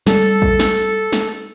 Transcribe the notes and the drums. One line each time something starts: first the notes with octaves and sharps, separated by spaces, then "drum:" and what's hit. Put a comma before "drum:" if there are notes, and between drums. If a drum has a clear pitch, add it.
G3 A4, drum: snare
drum: kick A#1
drum: snare
drum: snare